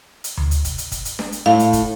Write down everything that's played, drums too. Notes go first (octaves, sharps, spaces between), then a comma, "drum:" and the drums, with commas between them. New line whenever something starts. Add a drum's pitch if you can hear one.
drum: hi-hat
drum: tom D2
drum: hi-hat
drum: kick, hi-hat
drum: hi-hat
drum: kick, hi-hat
drum: hi-hat
drum: snare D4
drum: hi-hat
A2 F5
drum: hi-hat
drum: kick, hi-hat